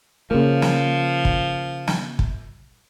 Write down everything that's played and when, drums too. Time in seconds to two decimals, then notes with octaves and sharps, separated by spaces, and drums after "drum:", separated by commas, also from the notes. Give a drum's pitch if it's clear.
0.31 C#3 F3 A#3
0.62 drum: snare
1.25 drum: kick
1.87 drum: snare
2.19 drum: kick